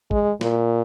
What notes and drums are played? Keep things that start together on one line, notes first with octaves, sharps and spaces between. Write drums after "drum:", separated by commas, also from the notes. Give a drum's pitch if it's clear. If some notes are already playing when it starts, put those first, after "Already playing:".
G#3, drum: kick
A#2, drum: snare